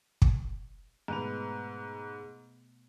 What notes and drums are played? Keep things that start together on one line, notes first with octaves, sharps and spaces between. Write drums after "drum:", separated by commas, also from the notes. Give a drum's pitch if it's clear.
drum: kick
G#2 B2 A3 B3 B4 F7